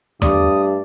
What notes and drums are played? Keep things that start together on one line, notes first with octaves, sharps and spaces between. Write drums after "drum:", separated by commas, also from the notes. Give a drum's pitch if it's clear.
G2 A3 D5 D#6, drum: tom E2